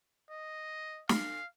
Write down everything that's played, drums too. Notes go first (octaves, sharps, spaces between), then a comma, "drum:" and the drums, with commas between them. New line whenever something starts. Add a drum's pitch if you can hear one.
D#5
F5, drum: snare